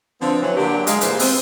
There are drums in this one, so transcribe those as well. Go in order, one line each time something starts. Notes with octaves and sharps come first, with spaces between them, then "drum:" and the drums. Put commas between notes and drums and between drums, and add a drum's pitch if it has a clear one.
D3 F3 B3 C4
E3 F#3 B3
D3 F#3 A#3 D4 G4
G#3 D#5 F5, drum: hi-hat
A#2 E3 G3 G#3 B4 C5, drum: hi-hat
B3 C4, drum: open hi-hat